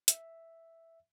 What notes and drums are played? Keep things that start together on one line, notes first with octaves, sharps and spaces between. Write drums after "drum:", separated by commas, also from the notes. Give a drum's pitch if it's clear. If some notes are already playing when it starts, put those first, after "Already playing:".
E5, drum: hi-hat